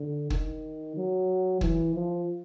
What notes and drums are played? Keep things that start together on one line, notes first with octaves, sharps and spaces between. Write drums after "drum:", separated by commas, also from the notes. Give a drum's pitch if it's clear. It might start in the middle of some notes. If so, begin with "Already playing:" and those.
Already playing: D3
D#3, drum: kick
F#3
E3, drum: kick
F3